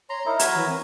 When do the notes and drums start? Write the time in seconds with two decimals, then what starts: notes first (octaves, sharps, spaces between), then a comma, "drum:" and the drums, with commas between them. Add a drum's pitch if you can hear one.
0.10 C#5 A#5 C6
0.26 D#4 E4 A#4 E5
0.39 F#3 G#5 B5, drum: hi-hat
0.54 E3
0.69 C4